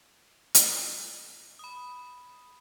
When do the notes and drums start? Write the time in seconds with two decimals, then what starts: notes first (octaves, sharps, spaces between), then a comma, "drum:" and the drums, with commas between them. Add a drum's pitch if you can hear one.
0.55 drum: hi-hat
1.59 B5 D#6